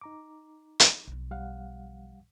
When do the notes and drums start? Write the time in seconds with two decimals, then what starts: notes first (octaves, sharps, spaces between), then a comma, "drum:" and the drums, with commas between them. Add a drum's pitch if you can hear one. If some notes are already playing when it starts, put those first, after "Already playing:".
0.01 D#4 A#5 D6
0.80 drum: hi-hat
1.07 B1 F3
1.31 G3 F5 F#5